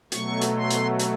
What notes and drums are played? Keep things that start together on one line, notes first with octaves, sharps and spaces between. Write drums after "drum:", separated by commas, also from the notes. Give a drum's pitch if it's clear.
B2 F#3 A3 C#6, drum: hi-hat
drum: hi-hat
C6
drum: hi-hat
drum: hi-hat